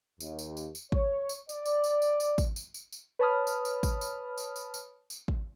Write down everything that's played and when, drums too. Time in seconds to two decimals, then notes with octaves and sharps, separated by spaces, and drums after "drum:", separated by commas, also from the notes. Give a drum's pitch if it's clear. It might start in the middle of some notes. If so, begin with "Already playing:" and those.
0.20 D#2, drum: tambourine
0.39 drum: tambourine
0.57 drum: tambourine
0.75 drum: tambourine
0.92 C#5, drum: kick
1.29 drum: tambourine
1.49 D5, drum: tambourine
1.66 drum: tambourine
1.84 drum: tambourine
2.02 drum: tambourine
2.20 drum: tambourine
2.38 drum: kick, tambourine
2.56 drum: tambourine
2.74 drum: tambourine
2.92 drum: tambourine
3.19 B4 C#5 A5 B5 D#6 F6
3.47 drum: tambourine
3.65 drum: tambourine
3.83 drum: kick, tambourine
4.01 drum: tambourine
4.38 drum: tambourine
4.56 drum: tambourine
4.74 drum: tambourine
5.10 drum: tambourine
5.28 drum: kick